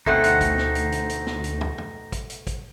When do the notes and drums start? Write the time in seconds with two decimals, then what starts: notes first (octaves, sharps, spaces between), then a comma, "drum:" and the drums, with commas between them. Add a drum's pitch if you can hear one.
0.06 D2 B2 A3 C4 D#4 C5 F#5, drum: kick
0.24 drum: hi-hat
0.41 drum: kick, hi-hat
0.58 drum: snare
0.75 drum: hi-hat
0.92 drum: hi-hat
1.09 drum: hi-hat
1.27 drum: snare
1.44 drum: hi-hat
1.61 drum: tom
1.78 drum: tom
2.12 drum: kick, hi-hat
2.30 drum: hi-hat
2.47 drum: kick, hi-hat